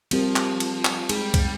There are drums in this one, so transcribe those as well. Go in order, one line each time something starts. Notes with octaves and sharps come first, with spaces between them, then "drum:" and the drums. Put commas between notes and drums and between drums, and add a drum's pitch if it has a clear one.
F3 G3 C4 G4 A#4, drum: cymbal
drum: clap
drum: cymbal
drum: clap
G3 G#3 D#4 G#4, drum: cymbal
drum: kick C2, cymbal